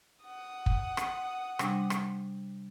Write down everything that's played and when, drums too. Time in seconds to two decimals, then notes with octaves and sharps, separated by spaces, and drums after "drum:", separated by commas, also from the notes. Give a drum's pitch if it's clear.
0.25 F#5 D#6
0.66 drum: kick
0.97 drum: rim click
1.59 C3 G3 D4, drum: rim click
1.90 drum: rim click